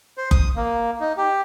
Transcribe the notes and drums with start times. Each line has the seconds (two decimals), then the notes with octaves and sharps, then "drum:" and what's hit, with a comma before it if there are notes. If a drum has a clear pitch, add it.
0.18 C5
0.31 D#6, drum: kick F#1
0.56 A#3
1.00 D#4
1.17 G4